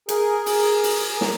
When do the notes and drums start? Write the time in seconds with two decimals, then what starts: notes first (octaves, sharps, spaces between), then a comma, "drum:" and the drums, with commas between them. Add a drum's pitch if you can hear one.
0.09 G#4 A#4, drum: hi-hat
0.46 drum: open hi-hat
0.84 drum: open hi-hat
1.21 drum: snare